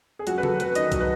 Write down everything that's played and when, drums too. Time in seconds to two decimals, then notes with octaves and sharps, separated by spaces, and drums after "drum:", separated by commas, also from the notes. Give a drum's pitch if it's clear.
0.19 G#4
0.27 F#2 F#4, drum: hi-hat
0.38 B4
0.43 F#3 A4, drum: tom C#3
0.60 F#2 B4, drum: hi-hat
0.75 D#3 D#5, drum: hi-hat
0.92 F#3, drum: kick, hi-hat
1.00 B4